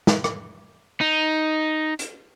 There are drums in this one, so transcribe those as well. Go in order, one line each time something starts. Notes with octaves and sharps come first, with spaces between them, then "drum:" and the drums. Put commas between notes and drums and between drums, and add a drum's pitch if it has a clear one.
drum: snare
drum: rim click
D#4
drum: hi-hat